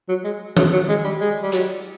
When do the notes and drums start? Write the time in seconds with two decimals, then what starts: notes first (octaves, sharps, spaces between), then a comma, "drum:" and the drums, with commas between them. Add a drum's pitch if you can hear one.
0.09 F#3
0.24 G#3
0.57 F#3, drum: tom D#3
0.73 F#3
0.89 G#3
1.04 G3
1.20 G#3
1.43 G3
1.52 F#3, drum: hi-hat